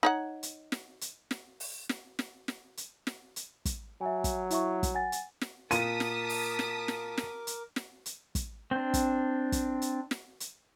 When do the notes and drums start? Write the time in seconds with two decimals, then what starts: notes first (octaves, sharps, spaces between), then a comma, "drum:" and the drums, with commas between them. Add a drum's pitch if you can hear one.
0.03 D#4 C#5 F#5
0.43 drum: hi-hat
0.72 drum: snare
1.01 drum: hi-hat
1.31 drum: snare
1.60 drum: open hi-hat
1.89 drum: snare
2.19 drum: snare
2.48 drum: snare
2.77 drum: hi-hat
3.07 drum: snare
3.36 drum: hi-hat
3.65 drum: kick, hi-hat
4.01 F#3 E5 G#5
4.24 drum: kick, hi-hat
4.50 E4 E5 C#6, drum: hi-hat
4.83 drum: kick, hi-hat
4.94 F#5 G#5 A6
5.12 drum: hi-hat
5.41 drum: snare
5.71 A#2 A#4 A5 D6 D#6 B6 D#7, drum: hi-hat
6.00 drum: snare
6.30 drum: open hi-hat
6.59 drum: snare
6.88 drum: snare
7.18 drum: snare
7.47 drum: hi-hat
7.76 drum: snare
8.06 drum: hi-hat
8.35 drum: kick, hi-hat
8.71 C4 D4
8.94 drum: kick, hi-hat
9.52 drum: kick, hi-hat
9.82 drum: hi-hat
10.11 drum: snare
10.40 drum: hi-hat